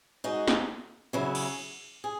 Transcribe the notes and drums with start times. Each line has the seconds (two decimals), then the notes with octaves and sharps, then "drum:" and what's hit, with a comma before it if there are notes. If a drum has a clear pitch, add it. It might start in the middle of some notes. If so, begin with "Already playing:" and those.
0.24 G#3 D#4 F#4
0.47 drum: snare
1.13 C#3 F#3 C#4 E4
1.35 drum: cymbal
2.04 G#4